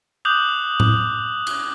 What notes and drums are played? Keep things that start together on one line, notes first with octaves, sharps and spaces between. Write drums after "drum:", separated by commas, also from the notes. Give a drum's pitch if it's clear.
D6 D#6 F#6 G6 F7 F#7
drum: tom A2
drum: cymbal